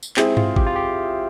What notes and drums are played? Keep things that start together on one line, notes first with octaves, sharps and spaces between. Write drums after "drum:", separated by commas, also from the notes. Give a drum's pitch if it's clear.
drum: tambourine
G#3 C4 E4 G4 G#4, drum: clap
F4, drum: tom G2
G4, drum: kick
F4
G4